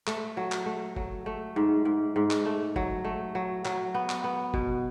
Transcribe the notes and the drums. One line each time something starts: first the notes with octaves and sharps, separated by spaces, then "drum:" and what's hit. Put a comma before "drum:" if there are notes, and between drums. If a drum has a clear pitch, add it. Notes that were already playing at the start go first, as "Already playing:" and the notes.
A3, drum: clap
F#3
drum: clap
A3
F#3, drum: kick F#1
A3
G#2
G#2
G#2
drum: clap
A3
F#3, drum: kick F#1
A3
F#3
F#3, drum: clap
B3
drum: clap
B3
B2, drum: kick F#1